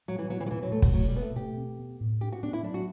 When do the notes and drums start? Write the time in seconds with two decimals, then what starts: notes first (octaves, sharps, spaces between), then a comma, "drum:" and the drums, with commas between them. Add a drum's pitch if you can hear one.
0.08 F#3 G3
0.19 E3
0.29 F#3 B3
0.40 E3
0.46 F#3
0.51 B2 E3
0.62 F#3
0.72 B2 A3
0.82 F#3, drum: kick
0.94 B2 F#3
1.08 G3
1.14 B2 B3
1.21 A3
1.36 B2 G4
1.57 C4
1.79 B3
2.01 A2
2.21 D4 G4
2.32 F#4
2.43 B3 D4
2.53 E4
2.63 F#3 D4
2.74 F#4